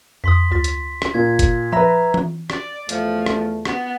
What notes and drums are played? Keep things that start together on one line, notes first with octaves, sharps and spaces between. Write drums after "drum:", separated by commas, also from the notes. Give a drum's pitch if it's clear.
F2 C6 D#6 B6
D2 F4 A6
drum: hi-hat
drum: rim click
A#2 A#3 G#6
drum: kick, hi-hat
F3 B4 E5 A#5 B5 A#6
drum: tom E3
D5, drum: rim click
E2 F3 A3, drum: hi-hat
drum: rim click
B3, drum: rim click